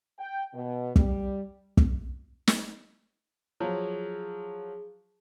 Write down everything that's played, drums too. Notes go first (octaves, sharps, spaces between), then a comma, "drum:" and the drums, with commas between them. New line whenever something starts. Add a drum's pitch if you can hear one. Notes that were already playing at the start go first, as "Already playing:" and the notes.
G5
B2
G3, drum: kick
drum: kick
drum: snare
F3 F#3 G#4